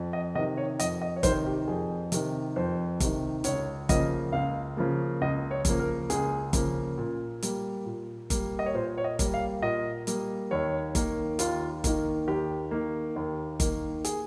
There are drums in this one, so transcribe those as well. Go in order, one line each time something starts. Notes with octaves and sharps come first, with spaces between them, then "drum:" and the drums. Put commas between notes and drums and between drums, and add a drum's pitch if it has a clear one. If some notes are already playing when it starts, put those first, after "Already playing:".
Already playing: F2
D#5
C3 D#3 D#5
C#5
F2 D#5, drum: hi-hat
D#5
C#5
C3 D#3 C5, drum: kick G1, hi-hat
G4
F2 G#4
C3 D#3, drum: hi-hat
F2 C5
C3 D#3, drum: kick G1, hi-hat
C#2 C#5, drum: hi-hat
C#3 F3 A#3 D#5, drum: kick G1, hi-hat
C#2 F5
C#3 F3 A#3
C#2 D#5
C#5
C#3 F3 A#3, drum: kick G1, hi-hat
A#4
C#2 G#4, drum: hi-hat
C#3 F3 A#3, drum: kick G1, hi-hat
A#2
G3 A#3, drum: hi-hat
A#2
G3 A#3, drum: kick G1, hi-hat
D#5
C#5
A#2 C5
C#5
D#5
G3 A#3, drum: kick G1, hi-hat
F5
A#2 D#5
G3 A#3, drum: hi-hat
D#2 C#5
D#3 A#3, drum: kick G1, hi-hat
D#2 F4, drum: hi-hat
D#3 A#3, drum: kick G1, hi-hat
D#2 G4
D#3 A#3
D#2
D#3 A#3, drum: kick G1, hi-hat
G#4, drum: hi-hat